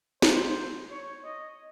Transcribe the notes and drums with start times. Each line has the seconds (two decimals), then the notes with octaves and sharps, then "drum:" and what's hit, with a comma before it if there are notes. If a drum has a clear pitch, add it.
0.22 C5, drum: snare
0.91 C#5
1.25 D#5